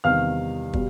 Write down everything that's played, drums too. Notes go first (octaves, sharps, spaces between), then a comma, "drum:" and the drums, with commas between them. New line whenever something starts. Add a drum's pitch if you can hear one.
E2 C3 D#3 G3 F5 F6
B2 G3, drum: kick